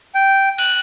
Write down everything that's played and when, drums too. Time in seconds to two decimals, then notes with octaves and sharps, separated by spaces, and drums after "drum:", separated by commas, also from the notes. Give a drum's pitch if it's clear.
0.15 G5
0.58 F#6, drum: cymbal